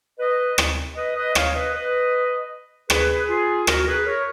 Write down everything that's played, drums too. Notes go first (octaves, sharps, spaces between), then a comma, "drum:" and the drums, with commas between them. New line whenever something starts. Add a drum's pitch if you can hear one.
B4 D#5
drum: rim click
B4 D#5
B4 D#5
C#5 F5, drum: rim click
B4 D#5
B4 D#5
G#4 B4, drum: rim click
F4 G#4
F#4 A#4, drum: rim click
G#4 B4
A#4 C#5